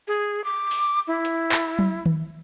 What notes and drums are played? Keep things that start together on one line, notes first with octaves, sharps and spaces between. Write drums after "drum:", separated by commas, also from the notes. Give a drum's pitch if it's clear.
G#4
D6
drum: open hi-hat
E4
drum: hi-hat
drum: clap
drum: tom F#3
drum: tom D#3